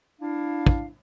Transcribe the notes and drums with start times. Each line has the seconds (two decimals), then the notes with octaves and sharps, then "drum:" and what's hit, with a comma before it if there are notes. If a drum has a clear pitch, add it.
0.21 D4 E4 F5
0.66 drum: kick